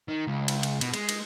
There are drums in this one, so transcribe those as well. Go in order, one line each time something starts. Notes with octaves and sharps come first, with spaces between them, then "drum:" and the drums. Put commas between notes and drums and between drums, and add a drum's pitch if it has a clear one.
D#3
C#2
drum: cymbal
drum: cymbal
B2, drum: cymbal
G#3, drum: cymbal
drum: cymbal